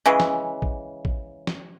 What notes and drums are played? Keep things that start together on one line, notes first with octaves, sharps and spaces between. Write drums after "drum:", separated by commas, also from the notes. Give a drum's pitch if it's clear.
C#3 E3 G#3
drum: snare
drum: kick
drum: kick
drum: snare